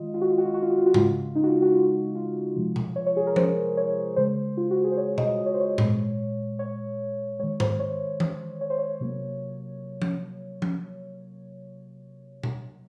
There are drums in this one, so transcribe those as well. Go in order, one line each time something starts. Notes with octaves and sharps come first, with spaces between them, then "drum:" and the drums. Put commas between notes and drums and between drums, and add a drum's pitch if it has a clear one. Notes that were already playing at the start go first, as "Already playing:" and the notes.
Already playing: D#3 G#3 F4 D#5
F4
F#4
F4
F#4
F4
F#4
F4
F#4
F4
F#4
C#3 G#3 F4, drum: tom G#2
D#4
F#4
F4
F#4
F4
F#4
F4
C3 F3 G#3
drum: tom B2
C#5
C#5
G#4
A#4
C5, drum: tom F3
C#5
C#3 G#3 C5
F4
F#4
G#4
C5
C#5
D#5, drum: tom B2
D#5
C#5
C5
C#5
A#2 G#3, drum: tom G#2
C#5
D#3 G#3 C#5
C5, drum: tom G#2
C#5
drum: tom E3
C#5
C5
C#5
C3 F#3 A#3
drum: tom F3
drum: tom F3
drum: tom B2